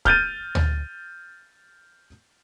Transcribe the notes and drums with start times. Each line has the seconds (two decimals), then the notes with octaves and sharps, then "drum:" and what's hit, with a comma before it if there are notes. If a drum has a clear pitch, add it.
0.05 F6 G6 A6 D#7, drum: kick C#1
0.55 drum: tom